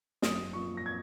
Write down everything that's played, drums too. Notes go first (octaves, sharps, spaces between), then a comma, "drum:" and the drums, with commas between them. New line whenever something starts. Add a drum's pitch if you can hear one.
F#2 D#6, drum: snare
F3 A#3 C#6
A#6
G#6